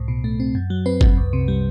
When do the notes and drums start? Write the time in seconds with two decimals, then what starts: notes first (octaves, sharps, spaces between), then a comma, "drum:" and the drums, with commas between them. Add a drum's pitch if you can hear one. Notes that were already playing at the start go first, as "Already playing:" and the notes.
Already playing: C2 A2
0.08 B2
0.24 A3
0.40 C4
0.55 F#2
0.70 F#3
0.86 C4 B4
1.01 F#2, drum: kick G1
1.17 C2
1.33 C3
1.48 G3